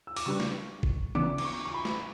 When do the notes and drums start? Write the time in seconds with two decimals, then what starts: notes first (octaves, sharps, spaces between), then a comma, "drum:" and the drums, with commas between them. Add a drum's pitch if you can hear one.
0.07 E6
0.16 D6, drum: open hi-hat
0.26 C#3 G3 D4 G4 B4 C#6
0.40 drum: snare
0.83 drum: kick
1.15 C#3 E3 B3 D4 D6
1.38 D6, drum: cymbal
1.45 C#6
1.65 C#6
1.74 B5
1.85 drum: snare